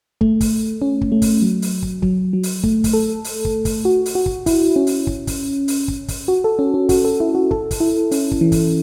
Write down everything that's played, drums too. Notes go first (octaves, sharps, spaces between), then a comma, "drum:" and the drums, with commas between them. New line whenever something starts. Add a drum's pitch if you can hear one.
A3, drum: kick
drum: kick, open hi-hat
C#4
drum: kick
A3
drum: kick, open hi-hat
F#3
drum: open hi-hat
drum: kick
F#3, drum: kick
F#3
drum: open hi-hat
A3, drum: kick
drum: kick, open hi-hat
A4
drum: open hi-hat
drum: kick
drum: kick, open hi-hat
F#4
drum: open hi-hat
F#4
drum: kick
E4, drum: kick, open hi-hat
C#4
drum: open hi-hat
drum: kick
drum: kick, open hi-hat
drum: open hi-hat
drum: kick
drum: kick, open hi-hat
F#4
A4
C#4
C#4
F#4, drum: kick, open hi-hat
A4
E4
F#4
A4, drum: kick
drum: kick, open hi-hat
E4
C#4, drum: open hi-hat
drum: kick
E3
drum: kick, open hi-hat